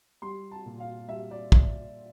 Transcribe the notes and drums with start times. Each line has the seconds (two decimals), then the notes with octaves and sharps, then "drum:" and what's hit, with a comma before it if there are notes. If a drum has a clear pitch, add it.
0.22 G3 C6
0.51 A5
0.66 A#2
0.80 F5
1.08 G3 E5
1.31 D5
1.52 drum: kick